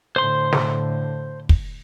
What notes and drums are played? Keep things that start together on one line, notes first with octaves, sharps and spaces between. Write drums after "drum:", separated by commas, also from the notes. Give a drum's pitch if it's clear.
A2 D3 C5 C6
drum: snare
drum: kick